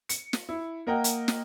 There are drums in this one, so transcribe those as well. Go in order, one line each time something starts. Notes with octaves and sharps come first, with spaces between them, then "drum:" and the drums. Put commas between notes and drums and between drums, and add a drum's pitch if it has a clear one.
C#7, drum: hi-hat
drum: snare
E4
A#3 A#4 D#5 F#5 G5
drum: hi-hat
drum: snare